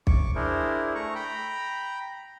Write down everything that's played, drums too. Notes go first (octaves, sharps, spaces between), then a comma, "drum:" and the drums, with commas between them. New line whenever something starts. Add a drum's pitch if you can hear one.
C#6 D6, drum: kick
D4 E4 G#4 A#4 C5
A3 A#5 C#6
G5 A#5 B5